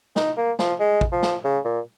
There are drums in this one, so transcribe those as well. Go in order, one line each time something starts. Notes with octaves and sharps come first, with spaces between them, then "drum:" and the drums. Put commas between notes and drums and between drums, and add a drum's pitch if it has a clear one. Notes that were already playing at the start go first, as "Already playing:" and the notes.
D#4, drum: snare
A#3
F3, drum: snare
G#3
drum: kick
F3
drum: snare
C#3
A#2